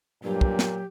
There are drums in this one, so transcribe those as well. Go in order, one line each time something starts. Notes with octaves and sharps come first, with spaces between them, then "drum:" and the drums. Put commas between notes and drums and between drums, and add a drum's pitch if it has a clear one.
G2 A#2 F#3 G4
drum: kick
drum: snare